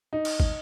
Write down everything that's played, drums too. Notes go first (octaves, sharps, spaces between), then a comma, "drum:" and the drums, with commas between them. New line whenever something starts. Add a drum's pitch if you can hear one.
D#4
drum: cymbal
drum: kick